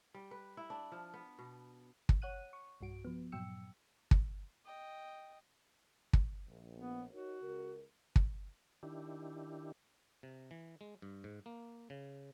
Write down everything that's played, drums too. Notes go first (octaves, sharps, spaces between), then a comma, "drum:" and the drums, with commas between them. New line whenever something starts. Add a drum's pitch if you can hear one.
G3
B4
E4
D4
F3
B3
B2
drum: kick
C#5 F#5 F#6 D#7
C#6
B1 G2 F#4 D7
F3 B3
G2 A#2 F#3 G5 E6 C#7
drum: kick
D#5 G5
drum: kick
A#1
B3
D#4 F#4 A#4 C#5
C#2 C#3 A#4
drum: kick
D#3 D4 E4 G4
C3
E3
G#3
G2
G#2
A#3
C#3